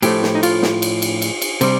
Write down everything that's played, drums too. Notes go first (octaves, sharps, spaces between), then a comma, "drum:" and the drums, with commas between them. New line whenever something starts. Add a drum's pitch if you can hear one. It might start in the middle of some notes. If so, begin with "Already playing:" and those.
A2 F3 A3 G4, drum: cymbal
drum: snare
D#4
F4, drum: cymbal
drum: snare
drum: cymbal
drum: cymbal
drum: cymbal
drum: cymbal
C3 G3, drum: cymbal